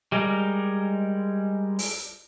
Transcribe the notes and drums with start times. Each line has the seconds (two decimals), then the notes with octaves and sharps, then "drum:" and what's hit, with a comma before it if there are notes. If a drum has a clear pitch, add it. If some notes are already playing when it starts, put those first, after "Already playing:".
0.12 G3 G#3 A#4
1.79 drum: open hi-hat